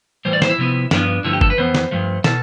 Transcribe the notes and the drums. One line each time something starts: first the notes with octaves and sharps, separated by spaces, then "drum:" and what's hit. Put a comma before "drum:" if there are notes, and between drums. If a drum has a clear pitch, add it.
A2 E3 G3 C5
D5
C5, drum: snare
E4
C3 F3 B3
G2 F3 B3 D4, drum: snare
D4
G2 D3 F3 A3 E4
G4
A4, drum: kick G1
B4
F2 E3 B3 C5
drum: snare
G2 F3 A3
B2 A4, drum: snare